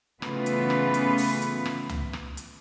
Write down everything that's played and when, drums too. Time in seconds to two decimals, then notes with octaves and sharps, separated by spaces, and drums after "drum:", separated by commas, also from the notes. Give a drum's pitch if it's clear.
0.22 C#3 E3 A3 B3 F4 B4, drum: rim click
0.46 drum: hi-hat
0.70 drum: rim click
0.94 drum: hi-hat
1.18 drum: open hi-hat
1.42 drum: hi-hat
1.66 drum: rim click
1.89 drum: tom
2.13 drum: rim click
2.37 drum: hi-hat